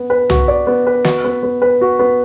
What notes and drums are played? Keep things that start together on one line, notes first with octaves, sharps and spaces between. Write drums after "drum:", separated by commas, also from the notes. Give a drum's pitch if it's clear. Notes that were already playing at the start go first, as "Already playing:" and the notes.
Already playing: B3
B4
F#4, drum: tom C2
D5
B3
B4
F#4, drum: snare
B3
B3
B4
F#4
B3